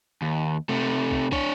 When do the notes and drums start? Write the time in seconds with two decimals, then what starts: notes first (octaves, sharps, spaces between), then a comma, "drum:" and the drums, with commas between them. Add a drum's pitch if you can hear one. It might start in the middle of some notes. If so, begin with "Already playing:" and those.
0.22 D#2
0.69 C3 A3
1.11 drum: kick
1.32 D4 C#5, drum: kick